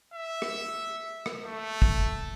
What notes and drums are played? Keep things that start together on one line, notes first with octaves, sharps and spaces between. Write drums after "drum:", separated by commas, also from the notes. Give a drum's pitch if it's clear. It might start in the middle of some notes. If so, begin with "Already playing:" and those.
E5
drum: rim click
drum: rim click
A3
drum: kick